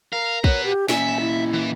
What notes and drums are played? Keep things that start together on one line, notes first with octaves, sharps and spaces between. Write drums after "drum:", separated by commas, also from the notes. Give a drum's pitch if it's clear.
A#4 F5
F#4 B4 C#5, drum: kick
G4
A#2 C#4 E5 G#5, drum: snare
E4
E3